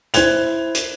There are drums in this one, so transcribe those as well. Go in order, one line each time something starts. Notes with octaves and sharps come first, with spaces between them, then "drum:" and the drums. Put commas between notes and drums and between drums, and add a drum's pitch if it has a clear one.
E4 C5 F#6 G#6 F7, drum: hi-hat
drum: hi-hat